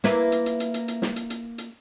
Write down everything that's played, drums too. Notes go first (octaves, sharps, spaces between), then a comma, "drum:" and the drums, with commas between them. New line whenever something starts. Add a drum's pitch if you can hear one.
A#3 E4 B4, drum: snare
drum: hi-hat
drum: hi-hat
drum: hi-hat
drum: hi-hat
drum: hi-hat
drum: snare
drum: hi-hat
drum: hi-hat
drum: hi-hat